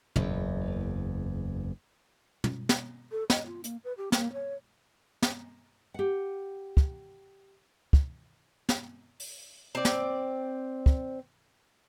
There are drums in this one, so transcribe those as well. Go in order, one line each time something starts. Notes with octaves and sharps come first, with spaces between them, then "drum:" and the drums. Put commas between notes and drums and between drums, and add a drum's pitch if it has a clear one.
F#1 E2, drum: tom
drum: tom
drum: snare
A4
D#5, drum: snare
F4
A#3, drum: hi-hat
B4
G4
A#3, drum: snare
C#5
drum: snare
G4 F#5
drum: kick
drum: kick
drum: snare
drum: open hi-hat
C4 D5
drum: snare
drum: kick